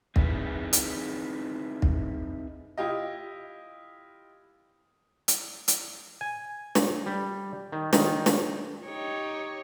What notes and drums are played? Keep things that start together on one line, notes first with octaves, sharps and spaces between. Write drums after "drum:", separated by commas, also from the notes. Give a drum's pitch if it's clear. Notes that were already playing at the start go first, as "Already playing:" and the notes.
C4 D#4 E4 G#4 B4, drum: kick
drum: hi-hat
drum: kick
E4 F4 G4 D#5
drum: hi-hat
drum: hi-hat
G#5
drum: snare
G3
D#3
D#3, drum: snare
drum: snare
D#4 G4 C#5